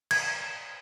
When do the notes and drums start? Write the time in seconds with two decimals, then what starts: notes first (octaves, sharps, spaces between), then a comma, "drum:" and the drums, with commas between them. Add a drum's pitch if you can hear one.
0.11 G#6, drum: cymbal